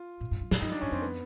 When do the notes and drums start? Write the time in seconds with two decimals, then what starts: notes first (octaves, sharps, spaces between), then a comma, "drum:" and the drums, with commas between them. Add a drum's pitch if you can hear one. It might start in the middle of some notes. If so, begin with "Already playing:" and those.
Already playing: F4
0.21 A2
0.31 G#2
0.41 G2
0.51 A2, drum: snare
0.61 G2 D#4
0.72 D4
0.81 G2 C#4
0.92 F2 C4
1.02 B3